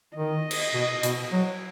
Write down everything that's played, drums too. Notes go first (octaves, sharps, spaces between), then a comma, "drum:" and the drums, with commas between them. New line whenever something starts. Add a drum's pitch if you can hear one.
D#3 D#5
drum: cymbal
B2
B2, drum: hi-hat
F#3